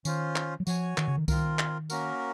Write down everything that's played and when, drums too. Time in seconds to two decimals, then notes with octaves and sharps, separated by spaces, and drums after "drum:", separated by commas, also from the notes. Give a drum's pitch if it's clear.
0.05 D#3 C#4 F4 C5, drum: tambourine
0.36 drum: clap
0.60 F#3
0.67 F3 F#4 C#5 G#5, drum: tambourine
0.98 D#3, drum: clap
1.08 C#3
1.18 D#3
1.28 D#3 C4 F4 A#4, drum: kick C2, tambourine
1.59 drum: clap
1.90 A#3 C#4 F#4 A#4, drum: tambourine